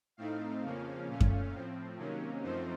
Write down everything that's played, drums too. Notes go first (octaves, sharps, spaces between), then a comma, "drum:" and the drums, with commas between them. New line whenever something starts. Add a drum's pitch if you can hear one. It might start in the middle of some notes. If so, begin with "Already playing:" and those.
A2 A3 C4 D#4 F5
F2 C#3 F3 A#3 C#4
A#2 A3 C#4
drum: kick F#2
A2 F3 C4
C3 D#3 F#3 A#3 C#4
F#2 F3 A3 C4 D#4 C5